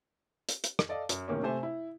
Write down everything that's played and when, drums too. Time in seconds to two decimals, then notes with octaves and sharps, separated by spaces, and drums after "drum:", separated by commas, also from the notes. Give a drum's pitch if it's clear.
0.49 drum: hi-hat
0.64 drum: hi-hat
0.79 drum: rim click
0.89 A4 D5 D#5 F5
1.09 F#2, drum: hi-hat
1.28 A2 C3 D#3 A#3 C#4
1.43 C3 A3 C5 G#5
1.63 E4